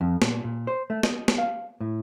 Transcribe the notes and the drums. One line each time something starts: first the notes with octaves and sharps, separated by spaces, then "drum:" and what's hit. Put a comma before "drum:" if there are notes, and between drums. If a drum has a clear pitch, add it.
F2
A#2, drum: snare
A#2
C5
A3
D#5, drum: snare
drum: snare
F5
A2